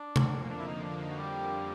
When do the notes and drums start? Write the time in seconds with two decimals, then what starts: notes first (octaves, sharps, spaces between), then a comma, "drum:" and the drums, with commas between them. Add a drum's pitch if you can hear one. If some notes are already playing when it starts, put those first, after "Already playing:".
Already playing: D4
0.16 F2 D3 F3 A#3, drum: tom C3
0.50 D4
0.59 E4
0.66 D#4
0.83 D4
1.01 D#4
1.10 F#4
1.17 G3 G4